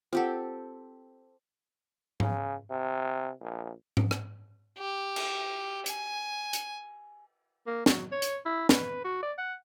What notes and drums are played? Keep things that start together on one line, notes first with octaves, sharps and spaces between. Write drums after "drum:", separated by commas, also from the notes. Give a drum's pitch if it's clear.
C4 F4 G4 A4 F#5
C#3, drum: tom G#2
C3
A#1
drum: tom G#2
drum: rim click
G4
drum: cymbal
G#5, drum: hi-hat
drum: hi-hat
A#3
F#3, drum: snare
C#5
drum: hi-hat
E4
B4, drum: snare
F#4
D5
F#5